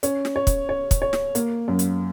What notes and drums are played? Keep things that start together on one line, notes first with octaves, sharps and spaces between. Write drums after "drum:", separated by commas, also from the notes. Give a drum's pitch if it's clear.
C#4, drum: hi-hat
drum: snare
C#5
drum: kick, hi-hat
C#5
drum: kick, hi-hat
C#5
drum: snare
A#3, drum: hi-hat
F#2
drum: hi-hat